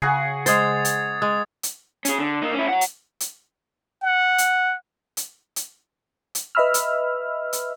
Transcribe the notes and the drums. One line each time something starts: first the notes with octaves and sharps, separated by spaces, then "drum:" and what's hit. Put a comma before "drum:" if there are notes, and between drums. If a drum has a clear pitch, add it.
C#3 F#4 G#4
G#3 C5 D#6 G#6 A6, drum: hi-hat
drum: hi-hat
G#3 D#6
drum: hi-hat
C#4 G#4, drum: hi-hat
D3
A#3 D#4
C#4 E4
C#5 F#5
drum: hi-hat
drum: hi-hat
F#5
drum: hi-hat
drum: hi-hat
drum: hi-hat
drum: hi-hat
B4 D#5 E5 B5 E6 F6
drum: hi-hat
drum: hi-hat